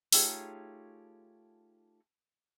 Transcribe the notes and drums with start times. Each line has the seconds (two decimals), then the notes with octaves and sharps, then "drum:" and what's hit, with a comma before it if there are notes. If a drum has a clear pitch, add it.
0.13 A3 D#4 F4 G4 G#4 C#5, drum: open hi-hat